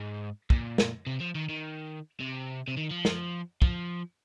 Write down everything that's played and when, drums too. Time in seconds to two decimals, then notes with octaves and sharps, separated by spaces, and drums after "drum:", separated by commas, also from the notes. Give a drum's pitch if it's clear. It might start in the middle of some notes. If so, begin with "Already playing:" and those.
Already playing: G#2
0.50 A#2, drum: kick
0.78 drum: snare
1.07 C3
1.20 F3
1.35 D#3
1.49 D#3
2.20 C3
2.68 C3
2.77 D#3
2.91 F3
3.05 drum: snare
3.62 F3, drum: kick